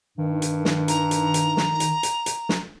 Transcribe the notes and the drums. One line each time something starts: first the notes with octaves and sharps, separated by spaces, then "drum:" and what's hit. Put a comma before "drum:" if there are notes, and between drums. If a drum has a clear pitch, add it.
G2 D#3
drum: hi-hat
drum: snare
A#5, drum: hi-hat
drum: hi-hat
drum: hi-hat
drum: snare
drum: hi-hat
drum: hi-hat
drum: hi-hat
drum: snare